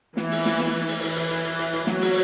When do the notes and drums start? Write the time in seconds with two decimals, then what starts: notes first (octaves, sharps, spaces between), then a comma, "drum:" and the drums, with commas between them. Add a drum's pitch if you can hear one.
0.17 E3, drum: snare
0.31 drum: open hi-hat
0.46 drum: snare
0.60 drum: snare
0.88 drum: open hi-hat
1.02 E3, drum: hi-hat
1.16 drum: hi-hat
1.31 drum: hi-hat
1.45 drum: hi-hat
1.59 drum: hi-hat
1.73 drum: hi-hat
1.87 F#3, drum: snare
2.01 drum: open hi-hat